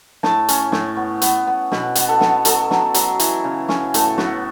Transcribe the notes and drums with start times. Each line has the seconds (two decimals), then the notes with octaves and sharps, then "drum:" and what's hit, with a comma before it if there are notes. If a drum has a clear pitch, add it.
0.23 A2 A5, drum: snare
0.48 C#4, drum: hi-hat
0.72 A2, drum: snare
0.97 B3
1.22 B3, drum: hi-hat
1.47 B3
1.72 B2 B5, drum: snare
1.95 B3, drum: hi-hat
2.08 A4
2.21 B3, drum: snare
2.45 F#3 A4, drum: hi-hat
2.71 F#3, drum: snare
2.94 F#3, drum: hi-hat
3.19 E3, drum: hi-hat
3.44 C#3
3.69 C#4, drum: snare
3.94 A2 A4, drum: hi-hat
4.18 B3 F#4, drum: snare